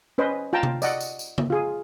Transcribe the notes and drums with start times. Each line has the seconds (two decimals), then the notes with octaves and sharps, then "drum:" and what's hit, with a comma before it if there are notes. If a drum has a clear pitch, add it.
0.18 C#4 B4 C5 D#5
0.53 F4 G5 A5 A#5
0.63 drum: tom C3
0.82 D5 D#5 F#5, drum: tambourine
1.00 drum: tambourine
1.19 drum: tambourine
1.38 drum: tom C#3
1.50 F4 G#4